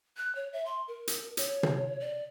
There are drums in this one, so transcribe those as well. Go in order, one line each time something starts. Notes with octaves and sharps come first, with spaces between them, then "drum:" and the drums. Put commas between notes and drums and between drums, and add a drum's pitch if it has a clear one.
F#6
C#5
E5
C6
A#4
drum: hi-hat
C#5, drum: hi-hat
drum: tom
D5